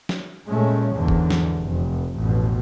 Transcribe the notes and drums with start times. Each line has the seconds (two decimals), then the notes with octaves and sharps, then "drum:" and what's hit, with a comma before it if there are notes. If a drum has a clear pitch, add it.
0.09 drum: snare
0.49 A#2 G#3 A3 C#4
0.95 E2 G#2 D3
1.08 drum: kick F#1
1.30 drum: snare
1.60 F1
2.17 A1 F2 B2